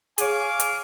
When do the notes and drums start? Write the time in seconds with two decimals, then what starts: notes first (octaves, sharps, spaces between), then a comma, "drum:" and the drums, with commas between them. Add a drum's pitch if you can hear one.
0.18 G#4 C#5 F5 G#5 D6, drum: hi-hat
0.60 drum: hi-hat